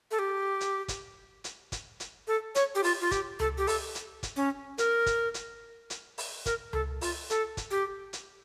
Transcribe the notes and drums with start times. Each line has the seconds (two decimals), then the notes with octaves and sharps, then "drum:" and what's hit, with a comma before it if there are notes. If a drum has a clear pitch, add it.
0.11 A4
0.19 G4
0.60 drum: hi-hat
0.88 drum: kick, hi-hat
1.44 drum: hi-hat
1.72 drum: kick, hi-hat
2.00 drum: hi-hat
2.28 A4
2.55 C#5, drum: hi-hat
2.75 G4
2.84 F4, drum: open hi-hat
3.01 F4
3.11 G4, drum: kick, hi-hat
3.40 A4, drum: tom C#2
3.58 G4
3.67 A4, drum: open hi-hat
3.95 drum: hi-hat
4.23 drum: kick, hi-hat
4.36 C#4
4.78 A#4, drum: hi-hat
5.06 drum: kick, hi-hat
5.34 drum: hi-hat
5.90 drum: hi-hat
6.18 drum: open hi-hat
6.46 A#4, drum: kick, hi-hat
6.73 A4, drum: tom C#2
7.01 F4, drum: open hi-hat
7.30 A4, drum: hi-hat
7.57 drum: kick, hi-hat
7.71 G4
8.13 drum: hi-hat